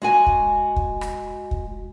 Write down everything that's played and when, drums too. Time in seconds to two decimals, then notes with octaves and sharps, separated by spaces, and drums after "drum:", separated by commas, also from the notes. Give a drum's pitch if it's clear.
0.02 G#3 F#4 G#5
0.27 drum: kick
0.76 drum: kick
1.01 drum: rim click
1.51 drum: kick